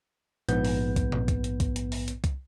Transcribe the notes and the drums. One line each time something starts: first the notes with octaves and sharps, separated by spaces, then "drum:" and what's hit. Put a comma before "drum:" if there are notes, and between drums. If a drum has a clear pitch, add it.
A#1 G#2 B3 B4 G6, drum: hi-hat
drum: open hi-hat
drum: kick, hi-hat
drum: tom A#2
drum: kick, hi-hat
drum: hi-hat
drum: kick, hi-hat
drum: hi-hat
drum: open hi-hat
drum: hi-hat
drum: kick, hi-hat